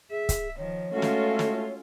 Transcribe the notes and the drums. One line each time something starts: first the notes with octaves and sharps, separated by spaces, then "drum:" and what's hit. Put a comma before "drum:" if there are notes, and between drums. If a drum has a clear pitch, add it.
G#4 E5
drum: kick C#1, hi-hat
D#3 F3 C#5
G#3 A3 C#4 F4 F#4 A4
drum: snare
drum: snare